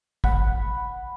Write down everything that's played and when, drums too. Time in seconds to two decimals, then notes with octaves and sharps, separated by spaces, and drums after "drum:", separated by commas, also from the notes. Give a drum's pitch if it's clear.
0.24 F#5 B5, drum: kick